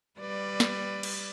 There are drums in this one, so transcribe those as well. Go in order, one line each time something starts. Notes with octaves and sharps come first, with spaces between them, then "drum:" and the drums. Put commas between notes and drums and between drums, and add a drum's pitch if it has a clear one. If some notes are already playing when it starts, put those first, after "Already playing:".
G3 B4 D5
drum: snare
drum: cymbal